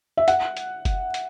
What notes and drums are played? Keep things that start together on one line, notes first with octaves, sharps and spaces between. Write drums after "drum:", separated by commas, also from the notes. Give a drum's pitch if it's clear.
E5
F#5, drum: hi-hat
drum: hi-hat
drum: kick F#1, hi-hat
drum: hi-hat